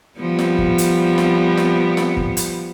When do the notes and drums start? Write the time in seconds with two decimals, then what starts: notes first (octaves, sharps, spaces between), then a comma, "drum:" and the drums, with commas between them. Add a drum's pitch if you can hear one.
0.19 F3 G3 B3
0.39 drum: snare
0.58 drum: kick
0.78 drum: hi-hat
1.18 drum: snare
1.57 drum: snare
1.97 drum: snare
2.17 drum: kick
2.37 drum: hi-hat